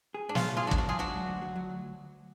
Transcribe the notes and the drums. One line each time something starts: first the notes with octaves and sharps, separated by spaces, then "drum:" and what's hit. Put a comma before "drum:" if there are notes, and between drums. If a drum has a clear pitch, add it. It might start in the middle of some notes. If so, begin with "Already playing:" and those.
G#4
G#2 D4
C#4 F4, drum: snare
F#3
G#2 F4 G#4
D4 F#4
F#3, drum: kick
D4 F#4
G#2 F4 G#4
F#3 D4 F#4
F#3
D2
F#3
F#3
D2